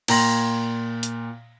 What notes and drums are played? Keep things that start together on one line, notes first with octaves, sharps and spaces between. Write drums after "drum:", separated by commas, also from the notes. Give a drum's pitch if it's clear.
A#2 G5 A#5 C6 A#6 F#7, drum: cymbal
drum: hi-hat